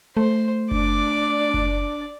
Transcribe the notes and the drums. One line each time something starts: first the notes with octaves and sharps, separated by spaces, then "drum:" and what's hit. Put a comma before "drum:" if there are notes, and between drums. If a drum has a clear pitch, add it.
A3 C5
D4 D5 D6, drum: kick F#1
drum: kick F#1